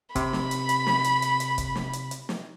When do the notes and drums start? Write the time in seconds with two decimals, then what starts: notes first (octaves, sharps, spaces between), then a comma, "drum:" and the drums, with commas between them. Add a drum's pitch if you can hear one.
0.15 C3 B5, drum: kick, hi-hat
0.33 drum: snare
0.51 drum: hi-hat
0.69 drum: hi-hat
0.87 drum: snare
1.04 drum: hi-hat
1.22 drum: hi-hat
1.40 drum: hi-hat
1.58 drum: kick, hi-hat
1.75 drum: snare
1.93 drum: hi-hat
2.11 drum: hi-hat
2.29 drum: snare